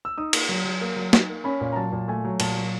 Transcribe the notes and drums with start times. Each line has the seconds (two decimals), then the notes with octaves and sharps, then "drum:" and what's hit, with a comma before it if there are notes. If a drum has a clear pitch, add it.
0.05 E6
0.18 D#4 D#6
0.33 A#3, drum: cymbal
0.49 F#3
0.64 F#3
0.81 A#3
0.96 F#3
1.13 D#4, drum: snare
1.29 A#3
1.44 C#4 B5
1.61 A#2
1.73 A#5
1.76 F#3 A5
1.92 A#2
2.08 A3 G#5
2.25 F#3
2.40 A#2 A5, drum: cymbal
2.56 F#3